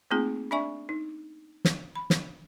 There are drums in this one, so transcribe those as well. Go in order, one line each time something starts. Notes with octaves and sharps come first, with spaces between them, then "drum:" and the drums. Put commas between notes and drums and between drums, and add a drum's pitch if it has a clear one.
A3 A#3 C4 D#4 F4 G#4
D4 D5 E5 G#5 C#6
D#4
drum: snare
B5
drum: snare